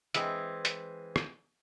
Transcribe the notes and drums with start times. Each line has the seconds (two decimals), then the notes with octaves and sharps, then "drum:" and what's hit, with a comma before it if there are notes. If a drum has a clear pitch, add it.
0.14 E3 G#3 C4, drum: hi-hat
0.65 drum: hi-hat
1.16 drum: rim click